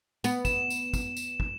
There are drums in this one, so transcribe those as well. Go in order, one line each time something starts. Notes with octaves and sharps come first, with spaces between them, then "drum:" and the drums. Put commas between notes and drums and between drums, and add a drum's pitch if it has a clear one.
B3, drum: tambourine
E7, drum: kick, tambourine
drum: tambourine
drum: kick, tambourine
drum: tambourine
drum: kick